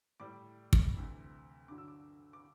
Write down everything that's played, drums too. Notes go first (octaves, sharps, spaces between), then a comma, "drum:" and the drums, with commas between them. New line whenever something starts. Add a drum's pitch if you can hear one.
A2 G3 D6
drum: kick
D2 C3 E3
G2 D3 F#3 D6
E6
D6
D6